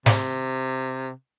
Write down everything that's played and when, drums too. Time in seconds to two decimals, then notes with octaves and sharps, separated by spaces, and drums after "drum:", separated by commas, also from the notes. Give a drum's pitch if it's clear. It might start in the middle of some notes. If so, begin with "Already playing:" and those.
0.06 C3, drum: snare